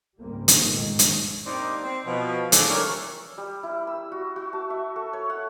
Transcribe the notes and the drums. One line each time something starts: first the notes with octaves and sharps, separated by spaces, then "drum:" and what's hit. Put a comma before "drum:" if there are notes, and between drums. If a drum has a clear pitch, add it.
C#2 G#2 C#3 G3 A#3 C4
drum: hi-hat
A1 F2 G#2 B2 D#3 G#3
drum: hi-hat
G3 A#3 C4 D4 D#4
C4
B2 F3
C#3 E3 F3 D4 A4 D5, drum: hi-hat
C3 E3 D4 A#4 C#5
E6
G3
E4
E6
F#4
F#4
A5
E5
A4
C#5
F#5